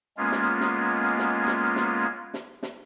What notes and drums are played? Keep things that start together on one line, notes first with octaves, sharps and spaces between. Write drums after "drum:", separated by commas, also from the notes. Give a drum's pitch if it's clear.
G#3 A#3 B3 C#4 F4
drum: snare
drum: snare
drum: snare
drum: snare
drum: snare
drum: snare
drum: snare